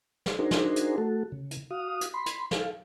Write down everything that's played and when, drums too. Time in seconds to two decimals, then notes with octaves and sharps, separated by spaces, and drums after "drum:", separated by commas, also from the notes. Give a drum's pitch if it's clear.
0.26 drum: snare
0.39 D4 D#4 F#4 G#4 A#4 C5
0.51 drum: snare
0.76 drum: hi-hat
0.98 A3 F#4 A4
1.32 C#3
1.51 drum: hi-hat
1.71 F#4 F5 D#6
2.01 drum: hi-hat
2.14 B5 C6
2.26 drum: hi-hat
2.51 A4 F5, drum: snare